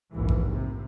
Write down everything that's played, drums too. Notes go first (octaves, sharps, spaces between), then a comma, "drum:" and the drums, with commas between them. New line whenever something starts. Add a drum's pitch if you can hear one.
F1 A#1 D#2 G#2 E3
drum: kick F1
C3